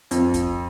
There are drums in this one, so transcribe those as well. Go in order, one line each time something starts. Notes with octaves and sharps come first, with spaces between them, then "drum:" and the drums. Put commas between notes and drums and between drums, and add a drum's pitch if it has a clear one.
F2, drum: hi-hat
drum: kick, hi-hat